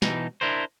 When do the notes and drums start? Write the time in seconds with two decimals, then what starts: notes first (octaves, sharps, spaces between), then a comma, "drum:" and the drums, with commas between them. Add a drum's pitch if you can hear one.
0.02 B2 E3 D#4, drum: snare
0.41 D4 E4 A#4 C5